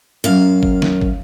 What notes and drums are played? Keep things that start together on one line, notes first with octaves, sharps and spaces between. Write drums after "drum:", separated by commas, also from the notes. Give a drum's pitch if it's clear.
F#2 F5
drum: kick
drum: snare
drum: kick